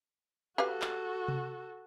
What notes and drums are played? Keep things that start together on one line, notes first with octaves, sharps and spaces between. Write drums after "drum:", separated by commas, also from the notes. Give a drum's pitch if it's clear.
F#4 G4 A4 B4 F5
drum: clap
drum: tom C3